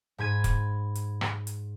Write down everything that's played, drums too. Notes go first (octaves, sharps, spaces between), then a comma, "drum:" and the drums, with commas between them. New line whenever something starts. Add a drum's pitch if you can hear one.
G#2 B5 G#6 D#7
drum: kick, hi-hat
drum: hi-hat
drum: rim click
drum: hi-hat